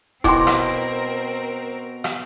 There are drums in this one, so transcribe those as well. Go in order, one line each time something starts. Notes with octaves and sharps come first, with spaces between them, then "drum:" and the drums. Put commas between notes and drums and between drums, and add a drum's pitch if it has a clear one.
B2 C4 E4 A#4 G5 C6 D6, drum: kick D#1
drum: rim click
drum: rim click